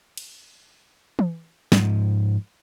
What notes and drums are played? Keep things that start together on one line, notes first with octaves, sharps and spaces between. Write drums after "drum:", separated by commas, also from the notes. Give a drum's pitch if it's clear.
drum: cymbal
drum: tom E3
G#2 F3, drum: snare